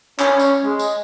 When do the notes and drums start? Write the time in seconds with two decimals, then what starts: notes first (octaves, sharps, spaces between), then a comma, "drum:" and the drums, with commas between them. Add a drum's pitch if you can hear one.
0.19 C#4, drum: clap
0.39 drum: tambourine
0.64 G#3
0.79 drum: tambourine